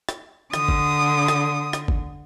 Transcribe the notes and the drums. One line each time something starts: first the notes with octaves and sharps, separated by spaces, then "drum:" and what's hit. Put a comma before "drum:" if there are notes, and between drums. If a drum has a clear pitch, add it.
drum: rim click
D3 D#6, drum: rim click
drum: kick
drum: rim click
drum: rim click
drum: kick